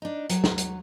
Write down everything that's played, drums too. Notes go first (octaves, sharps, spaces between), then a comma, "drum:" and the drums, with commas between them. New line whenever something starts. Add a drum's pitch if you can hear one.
D4 D#4
F#3, drum: hi-hat
drum: snare
drum: hi-hat